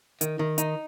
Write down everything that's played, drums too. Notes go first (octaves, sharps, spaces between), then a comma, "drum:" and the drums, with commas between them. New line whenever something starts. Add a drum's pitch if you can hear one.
D#3, drum: hi-hat
D#3
D#4, drum: hi-hat